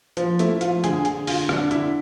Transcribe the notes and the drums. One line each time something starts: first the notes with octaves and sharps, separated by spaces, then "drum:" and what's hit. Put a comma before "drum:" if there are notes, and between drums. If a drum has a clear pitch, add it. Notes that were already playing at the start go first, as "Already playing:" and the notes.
F3, drum: hi-hat
A3 E4, drum: hi-hat
F3 F4, drum: hi-hat
D3 G#4, drum: hi-hat
D3 G#4, drum: hi-hat
D3 F4, drum: open hi-hat
D3 D4, drum: rim click
D3 E4, drum: hi-hat